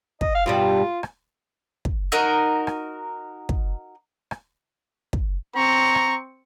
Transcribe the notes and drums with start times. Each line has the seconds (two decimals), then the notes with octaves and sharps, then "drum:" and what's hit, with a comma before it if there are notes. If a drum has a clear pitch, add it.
0.21 D#5, drum: kick
0.35 F5
0.46 G2 B2 G3 F4
1.03 drum: rim click
1.85 drum: kick
2.12 D#4 F#4 A#4 D#5
2.67 drum: rim click
3.49 drum: kick
4.31 drum: rim click
5.13 drum: kick
5.56 C4 A#5 C#6
5.95 drum: rim click